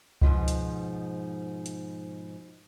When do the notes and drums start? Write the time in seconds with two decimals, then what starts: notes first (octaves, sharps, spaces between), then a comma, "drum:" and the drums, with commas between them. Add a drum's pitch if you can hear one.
0.22 G#2 B2 F3 D#4, drum: kick C#2
0.48 drum: hi-hat
1.66 drum: hi-hat